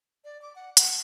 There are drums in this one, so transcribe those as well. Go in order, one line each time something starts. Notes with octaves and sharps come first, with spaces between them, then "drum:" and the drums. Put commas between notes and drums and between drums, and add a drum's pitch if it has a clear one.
D5
D6
F#5
F#5, drum: hi-hat